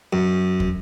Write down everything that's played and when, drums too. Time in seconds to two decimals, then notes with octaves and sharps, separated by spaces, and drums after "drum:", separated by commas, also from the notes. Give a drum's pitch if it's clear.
0.13 F#2
0.60 drum: kick